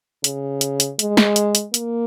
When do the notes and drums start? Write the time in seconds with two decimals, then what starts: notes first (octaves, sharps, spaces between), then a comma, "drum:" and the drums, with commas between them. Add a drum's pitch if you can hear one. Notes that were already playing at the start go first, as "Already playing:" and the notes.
0.24 C#3, drum: hi-hat
0.61 drum: hi-hat
0.80 drum: hi-hat
0.99 G#3, drum: hi-hat
1.17 drum: snare
1.36 drum: hi-hat
1.55 drum: hi-hat
1.74 A#3, drum: hi-hat